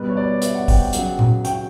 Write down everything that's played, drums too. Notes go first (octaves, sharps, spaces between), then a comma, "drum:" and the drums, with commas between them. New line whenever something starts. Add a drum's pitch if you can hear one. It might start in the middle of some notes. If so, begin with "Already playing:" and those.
Already playing: B2 G3 B4
C#5
D5
E5, drum: hi-hat
F#5
G5, drum: kick, open hi-hat
G5
C#3 F#3 F#5, drum: hi-hat
drum: tom A#2
G5, drum: hi-hat